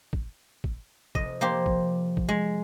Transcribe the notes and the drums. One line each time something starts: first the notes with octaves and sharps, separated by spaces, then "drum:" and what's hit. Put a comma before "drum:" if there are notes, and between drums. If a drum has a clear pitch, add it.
drum: kick
drum: kick
F1 D#5, drum: kick
F3 A#3 G4 C5
drum: kick
drum: kick
G#3